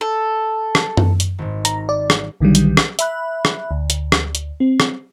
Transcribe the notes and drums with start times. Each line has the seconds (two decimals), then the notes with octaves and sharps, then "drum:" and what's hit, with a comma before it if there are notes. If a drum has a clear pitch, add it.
0.01 A4
0.75 drum: rim click
0.97 drum: tom F#2
1.20 drum: hi-hat
1.38 G#1 G#2
1.65 A#5, drum: hi-hat
1.89 D5
2.10 drum: rim click
2.40 B1 D3 D#3 F#3 G3
2.55 drum: hi-hat
2.77 drum: rim click
2.99 E5 B5 F#6, drum: hi-hat
3.45 drum: rim click
3.71 D2
3.90 drum: hi-hat
4.12 drum: rim click
4.35 drum: hi-hat
4.60 C4
4.80 drum: rim click